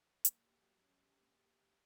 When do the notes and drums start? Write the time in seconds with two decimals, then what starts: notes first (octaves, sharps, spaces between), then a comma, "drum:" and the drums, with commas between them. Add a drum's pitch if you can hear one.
0.25 A#3, drum: hi-hat
0.44 G4
0.62 F#3
0.81 C#4
1.01 G4
1.20 A#3
1.38 G4
1.57 G4